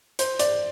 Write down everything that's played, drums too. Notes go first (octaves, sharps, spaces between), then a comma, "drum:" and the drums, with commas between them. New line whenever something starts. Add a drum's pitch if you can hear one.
C5, drum: hi-hat
D5, drum: hi-hat